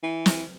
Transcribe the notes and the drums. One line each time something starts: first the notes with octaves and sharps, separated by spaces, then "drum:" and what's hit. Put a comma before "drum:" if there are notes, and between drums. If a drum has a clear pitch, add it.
E3
drum: snare